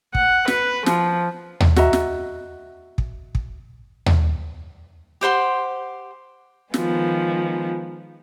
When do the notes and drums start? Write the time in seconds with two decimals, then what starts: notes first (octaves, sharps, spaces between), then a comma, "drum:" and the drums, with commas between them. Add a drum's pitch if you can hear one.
0.15 F#5, drum: kick
0.48 B4, drum: snare
0.86 F3, drum: snare
1.60 drum: tom D#2
1.76 F#4 D#5 E5 A#5, drum: snare
1.93 drum: snare
2.98 drum: kick
3.35 drum: kick
4.06 drum: tom D#2
5.21 G4 C5 F#5 C6
6.74 D#3 F3 G#3 B3, drum: snare